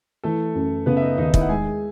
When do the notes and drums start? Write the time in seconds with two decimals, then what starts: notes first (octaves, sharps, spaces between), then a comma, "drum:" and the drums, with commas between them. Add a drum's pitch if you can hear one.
0.24 E3 A3 A4
0.55 F#2
0.86 C#3 B3 B4
0.97 E5
1.02 D#4 D#5
1.17 D#2 D#4 D#5
1.34 E4 E5, drum: kick
1.42 F#5
1.48 G#3 G#4 G#5